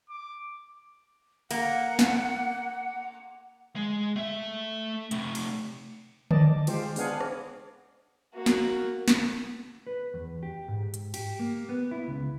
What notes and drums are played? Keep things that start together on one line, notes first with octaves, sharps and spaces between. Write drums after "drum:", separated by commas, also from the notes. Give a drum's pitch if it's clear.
D6
A#3 F#5, drum: cymbal
drum: snare
G#3
A3 E5
C3 A3, drum: hi-hat
drum: cymbal
D5 D#5 A5, drum: tom D3
G#3 F4 G4 C5, drum: cymbal
B3 D4 G#4 F5 F#5 G#5, drum: open hi-hat
drum: rim click
A#3 F#4
drum: snare
drum: snare
B4
E2
G4
G#2
drum: hi-hat
G4, drum: cymbal
A#3
B3
E4
C#2